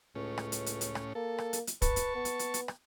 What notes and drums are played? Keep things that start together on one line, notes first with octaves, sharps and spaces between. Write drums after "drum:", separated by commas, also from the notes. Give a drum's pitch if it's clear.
C#2 A2 C#4
drum: rim click
drum: hi-hat
drum: hi-hat
drum: hi-hat
drum: rim click
A#3 A4
drum: rim click
drum: hi-hat
drum: hi-hat
B4 A5 C#6, drum: kick, hi-hat
drum: hi-hat
B3
drum: hi-hat
drum: hi-hat
drum: hi-hat
drum: rim click